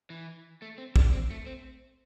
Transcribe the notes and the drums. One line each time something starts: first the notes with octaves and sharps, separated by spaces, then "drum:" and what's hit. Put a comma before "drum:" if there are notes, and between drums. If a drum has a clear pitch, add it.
E3
A3
C4
D4, drum: kick
C4
A3
C4